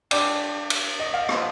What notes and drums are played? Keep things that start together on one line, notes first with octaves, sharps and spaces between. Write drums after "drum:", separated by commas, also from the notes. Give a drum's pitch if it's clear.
D3 G#3 D4 G4 D5, drum: cymbal
drum: cymbal
D#5
F5
D3 F3 B3, drum: rim click